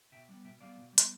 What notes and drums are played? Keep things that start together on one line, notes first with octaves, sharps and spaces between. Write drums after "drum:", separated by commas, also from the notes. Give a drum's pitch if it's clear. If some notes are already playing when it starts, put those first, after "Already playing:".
B2 E5 G5
G3 B3
B2 E5 G5
G3 B3 D5 F5
B2
G3
B3, drum: hi-hat